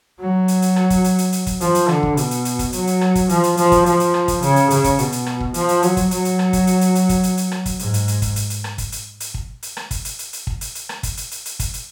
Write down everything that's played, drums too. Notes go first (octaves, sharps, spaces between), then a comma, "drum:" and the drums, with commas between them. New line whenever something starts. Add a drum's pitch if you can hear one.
F#3
drum: hi-hat
drum: hi-hat
drum: rim click
drum: kick, hi-hat
drum: hi-hat
drum: hi-hat
drum: hi-hat
drum: kick, hi-hat
F3, drum: hi-hat
drum: hi-hat
D3, drum: rim click
drum: kick
B2, drum: hi-hat
drum: hi-hat
drum: hi-hat
drum: kick, hi-hat
F#3, drum: hi-hat
drum: hi-hat
drum: rim click
drum: kick, hi-hat
F3, drum: hi-hat
drum: hi-hat
F3, drum: hi-hat
drum: kick, hi-hat
F3, drum: hi-hat
drum: hi-hat
drum: rim click
drum: kick, hi-hat
C#3, drum: hi-hat
drum: hi-hat
C#3, drum: hi-hat
drum: kick, hi-hat
B2, drum: hi-hat
drum: hi-hat
drum: rim click
drum: kick
F3, drum: hi-hat
drum: hi-hat
F#3, drum: hi-hat
drum: kick, hi-hat
F#3, drum: hi-hat
drum: hi-hat
drum: rim click
drum: kick, hi-hat
drum: hi-hat
drum: hi-hat
drum: hi-hat
drum: kick, hi-hat
drum: hi-hat
drum: hi-hat
drum: rim click
drum: kick, hi-hat
G#2, drum: hi-hat
drum: hi-hat
drum: hi-hat
drum: kick, hi-hat
drum: hi-hat
drum: hi-hat
drum: rim click
drum: kick, hi-hat
drum: hi-hat
drum: hi-hat
drum: kick
drum: hi-hat
drum: rim click
drum: kick, hi-hat
drum: hi-hat
drum: hi-hat
drum: hi-hat
drum: kick
drum: hi-hat
drum: hi-hat
drum: rim click
drum: kick, hi-hat
drum: hi-hat
drum: hi-hat
drum: hi-hat
drum: kick, hi-hat
drum: hi-hat